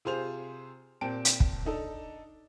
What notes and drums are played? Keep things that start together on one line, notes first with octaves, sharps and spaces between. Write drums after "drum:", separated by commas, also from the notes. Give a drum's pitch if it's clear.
C3 F4 G#4 C5 G#5 F7
A#2 C4 G4 A5 D7
drum: hi-hat
drum: kick
D4 D#4 A4